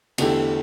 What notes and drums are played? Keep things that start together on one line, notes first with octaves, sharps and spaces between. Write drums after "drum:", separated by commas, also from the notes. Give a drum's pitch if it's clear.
E2 D3 A3 E4 G4, drum: cymbal